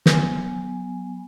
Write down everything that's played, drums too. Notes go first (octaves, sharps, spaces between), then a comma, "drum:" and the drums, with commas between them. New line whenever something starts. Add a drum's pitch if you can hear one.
F#3 B3 G#5, drum: snare